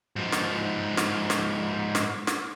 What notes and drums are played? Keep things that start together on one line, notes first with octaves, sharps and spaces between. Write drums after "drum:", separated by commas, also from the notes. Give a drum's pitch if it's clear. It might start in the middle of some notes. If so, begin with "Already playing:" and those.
G#2 F3
drum: snare
drum: snare
drum: snare
drum: snare
drum: snare